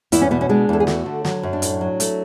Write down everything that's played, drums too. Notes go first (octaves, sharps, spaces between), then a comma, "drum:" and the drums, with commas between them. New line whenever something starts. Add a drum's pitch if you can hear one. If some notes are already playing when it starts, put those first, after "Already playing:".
E2 E4, drum: hi-hat
C#4
B2 B3
C#4
G#3 D4
E2 A4
G#4
A3 F#4, drum: snare
D3
F#3 F#4, drum: snare
F#2
D4
A2, drum: hi-hat
F#3
A3, drum: hi-hat